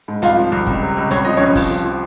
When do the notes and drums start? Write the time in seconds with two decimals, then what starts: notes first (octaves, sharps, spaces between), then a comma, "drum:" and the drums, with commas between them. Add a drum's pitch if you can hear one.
0.08 G#2
0.22 C2 F4 F5, drum: hi-hat
0.37 F3
0.52 C2
0.67 C#2, drum: kick
0.82 C3
0.96 C#2
1.11 C2 C#5, drum: hi-hat
1.25 F3 D#5
1.37 C2 C#4 C#5
1.55 F3, drum: kick, open hi-hat
1.70 F3
1.85 F3